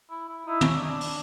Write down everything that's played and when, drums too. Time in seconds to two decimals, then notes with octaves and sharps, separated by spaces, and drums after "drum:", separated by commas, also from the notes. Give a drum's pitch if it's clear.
0.10 E4
0.29 E4
0.47 D#4 E4
0.61 C#4, drum: tom
0.75 D4
0.83 D#4
0.88 D4
1.01 drum: open hi-hat